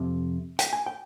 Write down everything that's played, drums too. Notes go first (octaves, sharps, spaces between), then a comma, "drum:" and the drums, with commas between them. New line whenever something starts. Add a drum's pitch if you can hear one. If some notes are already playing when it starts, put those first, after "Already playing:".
Already playing: F2 C3
G5, drum: hi-hat
G#5
G5